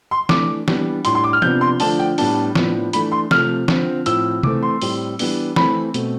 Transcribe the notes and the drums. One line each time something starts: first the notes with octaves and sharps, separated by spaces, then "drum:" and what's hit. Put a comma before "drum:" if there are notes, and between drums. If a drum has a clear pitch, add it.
C6
E3 A3 D4 D6, drum: snare
E3 G3 B3 D4, drum: snare
A2 G3 D4 C6, drum: hi-hat
C6
D6
F6
C3 F3 B3 D4 G6, drum: tom
C6
D3 F3 A3 D4 A5, drum: open hi-hat
G5
A2 G3 B3 D4 A5, drum: open hi-hat
A2 F3 B3 D4, drum: snare
E3 A3 D4 B5, drum: hi-hat
C6
C3 F3 A3 F6, drum: snare
D3 F3 C4, drum: snare
A2 F3 C4 E6, drum: hi-hat
E3 A3 C4 D6, drum: tom C3
C6
A2 G3 C4, drum: open hi-hat
E3 G3 B3 D4, drum: open hi-hat
E3 A3 C4 B5, drum: snare
B2 A3 C4, drum: hi-hat